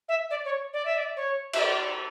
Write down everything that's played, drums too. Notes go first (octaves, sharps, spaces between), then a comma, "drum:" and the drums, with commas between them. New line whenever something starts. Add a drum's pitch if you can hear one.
E5
D5
C#5
D5
E5
D5
C#5
E5, drum: cymbal
D5